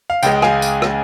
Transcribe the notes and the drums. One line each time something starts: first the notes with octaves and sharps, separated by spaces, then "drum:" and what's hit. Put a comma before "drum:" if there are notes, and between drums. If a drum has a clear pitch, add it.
F5
C#2 C#3 G#3 G5, drum: tambourine
F5 G#5, drum: rim click
drum: tambourine
drum: rim click